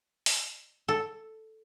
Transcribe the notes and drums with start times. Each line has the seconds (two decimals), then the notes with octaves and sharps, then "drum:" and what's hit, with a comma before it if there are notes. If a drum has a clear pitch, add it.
0.26 drum: open hi-hat
0.88 A4